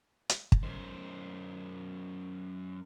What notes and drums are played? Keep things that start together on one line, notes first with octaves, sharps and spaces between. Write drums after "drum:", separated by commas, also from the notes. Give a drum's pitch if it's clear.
drum: hi-hat
drum: kick
F#2 C5